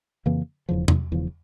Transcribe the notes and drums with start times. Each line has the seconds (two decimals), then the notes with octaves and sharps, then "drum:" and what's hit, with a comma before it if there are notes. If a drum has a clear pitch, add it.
0.26 F2 C#3 E3 A#3
0.69 E1 E2 C#3 F3
0.88 drum: tom E2
1.11 E1 E2 C#3 F3